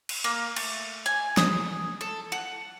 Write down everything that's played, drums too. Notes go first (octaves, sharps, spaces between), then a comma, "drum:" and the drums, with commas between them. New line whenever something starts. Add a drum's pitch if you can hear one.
drum: cymbal
A#3
A3, drum: cymbal
G#5
D#6, drum: snare
A4
F#5